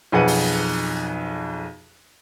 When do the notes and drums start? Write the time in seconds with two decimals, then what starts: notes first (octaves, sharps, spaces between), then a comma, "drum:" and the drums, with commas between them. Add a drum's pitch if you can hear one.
0.12 B1 F2 G#4 B4 F#5 D#7
0.28 drum: open hi-hat